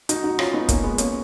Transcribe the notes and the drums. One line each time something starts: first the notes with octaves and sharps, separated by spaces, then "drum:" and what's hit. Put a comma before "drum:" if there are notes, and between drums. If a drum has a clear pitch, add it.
D#4 F#4, drum: hi-hat
D#4 F#4
C#4 F4, drum: rim click
B3 D#4
A#3 C#4, drum: kick, hi-hat
G#3 B3
A#3 C#4, drum: hi-hat